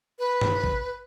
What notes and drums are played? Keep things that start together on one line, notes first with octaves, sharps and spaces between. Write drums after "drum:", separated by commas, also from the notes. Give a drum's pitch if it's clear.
B4
drum: tom G2
drum: kick G#1